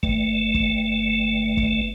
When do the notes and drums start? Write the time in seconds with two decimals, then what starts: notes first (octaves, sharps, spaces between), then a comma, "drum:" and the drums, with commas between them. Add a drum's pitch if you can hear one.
0.03 G1 A3, drum: kick
0.54 drum: kick
1.57 drum: kick